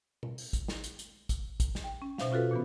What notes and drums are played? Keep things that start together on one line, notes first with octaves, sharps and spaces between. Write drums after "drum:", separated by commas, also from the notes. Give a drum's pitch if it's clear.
drum: tom B2
drum: open hi-hat
drum: kick G#1, hi-hat
drum: snare
drum: hi-hat
drum: hi-hat
drum: kick G#1, hi-hat
drum: kick G#1, hi-hat
drum: snare
G5
C#4
B2 C5 E5 F5, drum: snare
C#4 F4 F#4 A4 B4
A#2 E3 B3